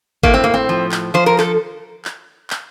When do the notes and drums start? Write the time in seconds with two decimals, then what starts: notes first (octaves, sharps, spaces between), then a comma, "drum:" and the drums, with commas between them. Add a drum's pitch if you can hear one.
0.23 A2 A#3, drum: kick G#1
0.34 C4
0.44 A#3
0.54 C4
0.69 F3
0.92 drum: clap
1.14 F3 C5
1.26 A#4
1.39 A4, drum: clap
2.05 drum: clap
2.50 drum: clap